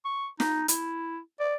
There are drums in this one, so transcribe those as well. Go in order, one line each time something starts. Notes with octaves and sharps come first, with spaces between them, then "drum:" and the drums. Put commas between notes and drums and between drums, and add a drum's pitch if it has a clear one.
C#6
D#4, drum: snare
E4, drum: hi-hat
D5